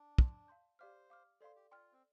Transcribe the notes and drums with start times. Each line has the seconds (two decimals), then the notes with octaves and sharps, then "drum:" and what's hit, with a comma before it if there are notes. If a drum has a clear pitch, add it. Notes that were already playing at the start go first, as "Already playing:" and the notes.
Already playing: D4
0.18 D5 A5 C6, drum: kick
0.48 F5 A5 C6 G6
0.79 G4 C5 D5 F5 D6 F6
1.10 F5 D6 F6
1.41 A4 C5 D5 F5 C6
1.56 G4
1.71 F4 D5 G5 C6 F6
1.93 C4